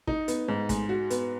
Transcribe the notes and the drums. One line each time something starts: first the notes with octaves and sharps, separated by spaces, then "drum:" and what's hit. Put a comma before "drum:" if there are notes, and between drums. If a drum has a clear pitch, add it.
D#4, drum: kick
B3, drum: hi-hat
G#2
G#3, drum: kick, hi-hat
F#4
B3, drum: hi-hat